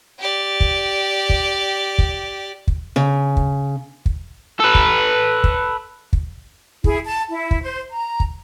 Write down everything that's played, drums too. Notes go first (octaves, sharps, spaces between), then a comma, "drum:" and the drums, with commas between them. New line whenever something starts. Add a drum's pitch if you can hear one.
G4 D5
drum: kick
drum: kick
drum: kick
drum: kick
C#3
drum: kick
drum: kick
A4 B4
drum: kick
drum: kick
drum: kick
E4 G#4, drum: kick
A5
E4
drum: kick
C5
A#5
drum: kick